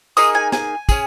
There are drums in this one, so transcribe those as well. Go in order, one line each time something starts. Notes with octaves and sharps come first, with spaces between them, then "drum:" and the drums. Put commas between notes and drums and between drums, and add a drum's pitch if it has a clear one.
A#3 D#4 G#4 D#6, drum: tambourine
G#5
G#5, drum: snare
C#4 G#4, drum: kick, tambourine